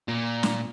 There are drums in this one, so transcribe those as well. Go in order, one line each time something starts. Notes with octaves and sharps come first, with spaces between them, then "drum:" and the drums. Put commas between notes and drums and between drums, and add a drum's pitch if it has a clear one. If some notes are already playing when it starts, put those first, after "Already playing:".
A#2
drum: snare